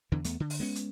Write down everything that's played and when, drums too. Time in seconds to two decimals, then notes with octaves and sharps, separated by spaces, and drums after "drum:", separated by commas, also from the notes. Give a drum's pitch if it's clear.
0.12 E2 D3 E3
0.24 E2 A3 B3, drum: hi-hat
0.40 D3
0.50 drum: open hi-hat
0.60 G#3 B3 C#4
0.75 drum: hi-hat